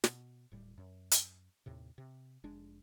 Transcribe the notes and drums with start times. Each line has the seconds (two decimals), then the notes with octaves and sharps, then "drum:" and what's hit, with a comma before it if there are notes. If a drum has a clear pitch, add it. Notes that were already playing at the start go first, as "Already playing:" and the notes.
0.04 B2, drum: snare
0.52 D1 A2 G3
0.78 F#2
1.11 drum: hi-hat
1.66 D#2 A2 C3
1.98 C3
2.44 F1 G#3 D4